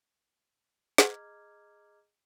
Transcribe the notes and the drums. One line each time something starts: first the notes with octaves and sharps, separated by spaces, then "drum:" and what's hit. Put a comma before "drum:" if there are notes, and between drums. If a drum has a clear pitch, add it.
G#4 D#5 A#5 D6 F6 G#6, drum: snare